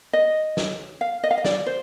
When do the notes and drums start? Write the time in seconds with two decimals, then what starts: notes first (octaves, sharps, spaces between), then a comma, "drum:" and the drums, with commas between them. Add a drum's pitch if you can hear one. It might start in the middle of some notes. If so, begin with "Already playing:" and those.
0.13 D#5
0.57 drum: snare
1.01 F5
1.24 D#5
1.31 F5
1.38 D#5
1.45 D5, drum: snare
1.67 C5